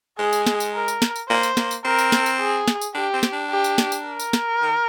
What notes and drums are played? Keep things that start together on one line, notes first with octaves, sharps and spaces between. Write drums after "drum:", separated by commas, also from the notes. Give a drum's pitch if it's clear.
G#3 G#4
drum: tambourine
drum: snare
drum: tambourine
A#4
drum: tambourine
drum: snare
drum: tambourine
A#3 C5
drum: tambourine
A#3, drum: snare
drum: tambourine
C4 A#4
drum: tambourine
drum: snare
drum: tambourine
G#4
drum: snare
drum: tambourine
D4 G4
C4
drum: snare
D4
G4
drum: tambourine
drum: snare
drum: tambourine
A#4
drum: tambourine
drum: snare
D#3